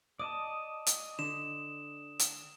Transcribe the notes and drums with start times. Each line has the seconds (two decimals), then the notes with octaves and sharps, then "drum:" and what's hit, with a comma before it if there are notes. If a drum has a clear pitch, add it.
0.19 D5 D#5 A5 D#6
0.87 drum: hi-hat
1.19 D3 E7
2.19 drum: hi-hat